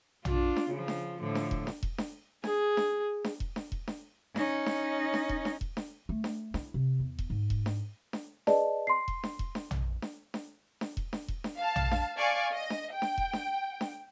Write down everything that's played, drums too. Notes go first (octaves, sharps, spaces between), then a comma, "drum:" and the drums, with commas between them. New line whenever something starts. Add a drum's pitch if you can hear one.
D4 F4, drum: tom
drum: snare D4
C#3 F3
drum: snare D4
A2 D3 F3
drum: snare D4
drum: kick E1
drum: snare D4
drum: kick E1
drum: snare D4
G#4, drum: snare D4
drum: snare D4
drum: snare D4
drum: kick E1
drum: snare D4
drum: kick E1
drum: snare D4
C#4 D#4, drum: snare D4
drum: snare D4
drum: snare D4
drum: kick E1
drum: snare D4
drum: kick E1
drum: snare D4
A3
drum: snare D4
E4, drum: snare D4
C3
E2
drum: kick E1
G#2
drum: kick E1
drum: snare D4
drum: snare D4
G#4 B4 D5 D#5 A5, drum: snare D4
C6 C7
drum: kick E1
drum: snare D4
drum: kick E1
drum: snare D4
drum: tom
drum: snare D4
drum: snare D4
drum: snare D4
drum: kick E1
drum: snare D4
drum: kick E1
drum: snare D4
F5 A5
drum: tom
drum: snare D4
D5 F5 G#5 C#6
D#5
drum: snare D4
G5
drum: snare D4
drum: kick E1
drum: snare D4
drum: snare D4